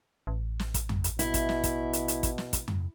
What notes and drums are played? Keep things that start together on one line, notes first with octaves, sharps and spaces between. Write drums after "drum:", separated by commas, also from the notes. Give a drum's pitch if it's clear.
A1
drum: snare
drum: kick, hi-hat
drum: tom F2
drum: hi-hat
B2 E4, drum: hi-hat
drum: kick, hi-hat
drum: snare
drum: kick, hi-hat
drum: hi-hat
drum: hi-hat
drum: kick, hi-hat
drum: snare
drum: kick, hi-hat
drum: tom F2